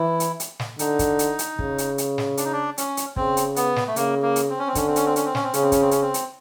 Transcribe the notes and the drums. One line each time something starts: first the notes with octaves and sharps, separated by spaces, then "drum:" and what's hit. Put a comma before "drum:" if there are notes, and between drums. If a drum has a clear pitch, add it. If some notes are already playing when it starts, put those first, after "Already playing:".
Already playing: E3 E4
drum: hi-hat
drum: hi-hat
drum: snare
D3 D#4, drum: hi-hat
drum: kick, hi-hat
drum: hi-hat
drum: hi-hat
C#3, drum: kick
drum: hi-hat
drum: hi-hat
drum: snare
D4, drum: hi-hat
D#4
D4
C#4, drum: hi-hat
drum: hi-hat
C#3 C4, drum: kick
drum: hi-hat
B3, drum: hi-hat
drum: snare
A3
C#3 A#3, drum: hi-hat
A#3
drum: hi-hat
C4
C#4
C4
D3 C#4, drum: kick, hi-hat
C4
C#4, drum: hi-hat
C4
C#4, drum: hi-hat
C4
C#4, drum: snare
C4
C#3 C#4, drum: hi-hat
C4
C#4, drum: kick, hi-hat
C4
C#4, drum: hi-hat
C4
drum: hi-hat